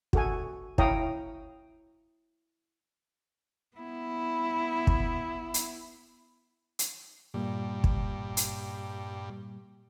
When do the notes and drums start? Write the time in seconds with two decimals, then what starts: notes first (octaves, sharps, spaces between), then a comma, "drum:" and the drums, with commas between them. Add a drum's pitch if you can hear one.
0.13 F#4 A4 G#5, drum: kick
0.78 E4 C#5 F5 G5 A#5 D#6, drum: kick
3.77 B3 E4
4.87 drum: kick
5.54 drum: hi-hat
6.79 drum: hi-hat
7.34 G2 A#2 G3 A#3
7.84 drum: kick
8.37 drum: hi-hat